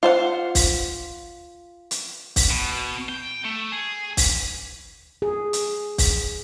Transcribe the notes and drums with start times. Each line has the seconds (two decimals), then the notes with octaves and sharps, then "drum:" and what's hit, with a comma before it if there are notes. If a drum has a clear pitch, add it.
0.03 F4 C5 F5 F#5
0.55 drum: kick, open hi-hat
1.91 drum: hi-hat
2.36 drum: kick, open hi-hat
2.50 B2
3.09 G5
3.45 A3
3.72 G#4
4.17 drum: kick, open hi-hat
5.22 G#4
5.53 drum: hi-hat
5.98 drum: kick, open hi-hat